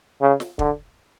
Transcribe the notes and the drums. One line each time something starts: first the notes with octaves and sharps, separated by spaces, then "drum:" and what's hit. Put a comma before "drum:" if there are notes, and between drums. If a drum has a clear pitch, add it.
C#3
drum: snare
D3, drum: kick